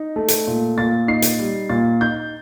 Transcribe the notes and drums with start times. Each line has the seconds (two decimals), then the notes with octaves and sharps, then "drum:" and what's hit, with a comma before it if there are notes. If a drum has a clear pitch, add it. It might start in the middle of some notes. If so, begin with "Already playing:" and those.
Already playing: D#4
0.16 A3
0.28 drum: hi-hat
0.47 A#2
0.78 A#2 A6
1.08 D#4 C7
1.22 drum: hi-hat
1.39 G3
1.70 A#2 A6
2.01 D#4 G6